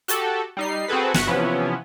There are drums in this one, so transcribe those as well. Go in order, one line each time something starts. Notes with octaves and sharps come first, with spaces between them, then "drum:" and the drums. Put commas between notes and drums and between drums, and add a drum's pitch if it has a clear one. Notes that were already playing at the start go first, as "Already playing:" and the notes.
F#4 G4 A4, drum: hi-hat
G3 D#4 C7
C4 F#4 G#4 A4 B4
G1 F#4 E5 F#5 C#7, drum: snare
C3 E3 F3 B3 C#4 E4